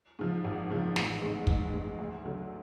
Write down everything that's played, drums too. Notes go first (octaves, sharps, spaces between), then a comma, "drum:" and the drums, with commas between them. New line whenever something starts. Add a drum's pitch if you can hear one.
G#2 F3
G#1
G#2 F3
A1, drum: snare
G#2 G#3
A1, drum: kick
G#2 G#3
D2
D3 F#3